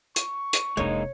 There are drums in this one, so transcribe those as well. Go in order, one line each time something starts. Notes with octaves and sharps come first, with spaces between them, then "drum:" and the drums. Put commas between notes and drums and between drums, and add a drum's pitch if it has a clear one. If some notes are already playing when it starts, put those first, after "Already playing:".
C#6, drum: hi-hat
drum: hi-hat
F1 G#3 A#3 D4 D#4 C#5